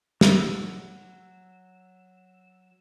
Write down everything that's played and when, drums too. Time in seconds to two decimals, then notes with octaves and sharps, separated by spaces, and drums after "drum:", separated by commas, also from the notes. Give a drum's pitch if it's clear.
0.21 F#3 E6, drum: snare